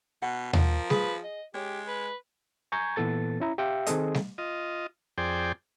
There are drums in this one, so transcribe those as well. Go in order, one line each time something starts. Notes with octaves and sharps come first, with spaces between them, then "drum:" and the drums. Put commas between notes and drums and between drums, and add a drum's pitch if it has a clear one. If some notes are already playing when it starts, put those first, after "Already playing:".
B2 F#5
F3 A#4, drum: tom D#2
G#4 B4, drum: snare
D#5
G#3 G4 C#5
B4
G#5 A#5 C#6 G6 G#6
A#2 E3 B3 A4 A6
C#4 E4 A#5
G4 E5 F5 G5
D#3 C4 G#4 A4 D#5, drum: hi-hat
drum: snare
F4 D#5
F2 G#4 C5 D5 G5